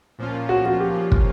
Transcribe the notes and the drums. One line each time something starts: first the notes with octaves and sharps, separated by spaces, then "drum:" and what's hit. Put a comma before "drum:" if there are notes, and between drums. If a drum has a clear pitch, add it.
A#2 F3 A#3 C#4 F4
F#4
F#4
G4
drum: kick